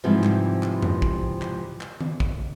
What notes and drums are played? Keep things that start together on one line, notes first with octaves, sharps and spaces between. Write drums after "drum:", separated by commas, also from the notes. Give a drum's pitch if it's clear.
G#2 C3 E3 F3 G3
drum: clap
drum: clap
drum: tom F2
drum: kick
drum: clap
drum: clap
drum: tom D#3
drum: kick